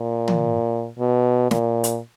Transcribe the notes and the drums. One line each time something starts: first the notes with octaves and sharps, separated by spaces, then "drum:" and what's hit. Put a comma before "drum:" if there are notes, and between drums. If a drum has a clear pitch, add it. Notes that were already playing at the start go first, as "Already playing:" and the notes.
Already playing: A#2
drum: tom
B2
A#2, drum: snare
drum: hi-hat